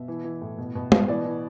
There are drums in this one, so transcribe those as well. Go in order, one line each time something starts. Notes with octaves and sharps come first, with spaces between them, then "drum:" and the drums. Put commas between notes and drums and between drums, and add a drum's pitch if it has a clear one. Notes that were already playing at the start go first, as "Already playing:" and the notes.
Already playing: B2 E5
E3
E3
A2
B2
B2
B2, drum: tom G#3
E3 D5
E3